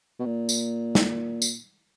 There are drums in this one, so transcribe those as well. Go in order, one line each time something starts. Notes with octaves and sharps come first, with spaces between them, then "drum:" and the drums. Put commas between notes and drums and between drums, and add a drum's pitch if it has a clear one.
B2
A#2
drum: tambourine
drum: snare
drum: tambourine